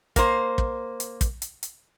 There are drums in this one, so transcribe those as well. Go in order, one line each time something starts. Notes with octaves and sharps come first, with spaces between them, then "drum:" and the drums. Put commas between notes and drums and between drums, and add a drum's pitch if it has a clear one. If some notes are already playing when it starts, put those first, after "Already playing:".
A#3 C5, drum: kick, hi-hat
drum: kick
drum: hi-hat
drum: kick, hi-hat
drum: hi-hat
drum: hi-hat